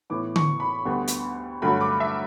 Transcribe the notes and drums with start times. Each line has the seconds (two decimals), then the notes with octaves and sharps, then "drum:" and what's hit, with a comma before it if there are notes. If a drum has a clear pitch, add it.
0.10 A2 E3 B3 D6
0.36 C#6, drum: tom D3
0.60 B5
0.85 D2 D3 G3 B3
1.08 drum: hi-hat
1.62 G2 D3 F#3 A3 B5
1.81 D6
2.00 E5